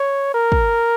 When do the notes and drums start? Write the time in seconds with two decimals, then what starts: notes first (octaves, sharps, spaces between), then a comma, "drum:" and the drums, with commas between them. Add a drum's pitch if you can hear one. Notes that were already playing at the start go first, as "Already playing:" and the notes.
Already playing: C#5
0.35 A#4
0.52 drum: kick